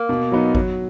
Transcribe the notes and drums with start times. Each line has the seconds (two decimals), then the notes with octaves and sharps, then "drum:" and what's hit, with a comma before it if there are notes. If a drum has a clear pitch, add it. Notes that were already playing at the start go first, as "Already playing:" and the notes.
Already playing: A#3
0.09 B2
0.32 F#3 B3 D#4
0.55 F#3, drum: kick G#1